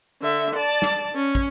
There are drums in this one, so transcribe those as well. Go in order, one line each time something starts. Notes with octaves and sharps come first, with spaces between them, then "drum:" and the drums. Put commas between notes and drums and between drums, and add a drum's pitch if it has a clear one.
D3 E5
D5 A5
drum: snare
C#4
drum: kick